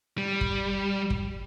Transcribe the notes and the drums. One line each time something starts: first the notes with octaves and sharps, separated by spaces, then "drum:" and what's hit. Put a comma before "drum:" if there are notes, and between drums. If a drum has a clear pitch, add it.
G3
drum: kick
drum: kick